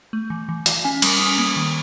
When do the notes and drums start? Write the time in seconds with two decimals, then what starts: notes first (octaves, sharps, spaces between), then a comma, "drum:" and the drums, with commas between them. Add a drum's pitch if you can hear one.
0.13 A3
0.30 E3
0.49 E3
0.66 E3, drum: hi-hat
0.84 C#4 G#5
1.02 G3, drum: cymbal
1.20 C#4
1.38 A#3
1.56 D#3